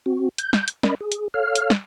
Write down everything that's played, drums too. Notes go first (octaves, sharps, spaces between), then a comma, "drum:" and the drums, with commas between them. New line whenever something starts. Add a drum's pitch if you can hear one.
C4 F#4
G6, drum: hi-hat
drum: snare
drum: hi-hat
C#4 A#4 D5 D#5 B5, drum: snare
G#4
drum: hi-hat
A4 C#5 F5 F6
drum: hi-hat
drum: snare